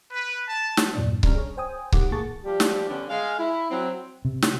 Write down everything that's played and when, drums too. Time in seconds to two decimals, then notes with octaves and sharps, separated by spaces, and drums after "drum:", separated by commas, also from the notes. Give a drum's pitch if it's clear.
0.11 B4
0.47 A5
0.77 drum: snare
0.95 E2 G2 A#2 E3 F#3 D4
1.23 G3 C#4 D4 C#5 A#5 F6, drum: kick C#1
1.35 G#4 C#5
1.57 C5 G5 G#5 D#6
1.92 A#1 D#3 G#3 G4 F#5 D6, drum: kick C#1
2.12 A2 A#3 G#4 A5 C#6 A6
2.44 F3 G3 G4
2.60 drum: snare
2.89 D3 G3 B3 C#4 D4
3.09 G#3 F5
3.39 E4
3.71 F#3 C4
4.25 C3
4.42 drum: snare